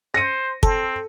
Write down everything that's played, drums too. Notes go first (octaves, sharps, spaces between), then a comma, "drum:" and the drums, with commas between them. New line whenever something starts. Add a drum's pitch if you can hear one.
C5 A#6 C#7 D#7
C4 A4, drum: kick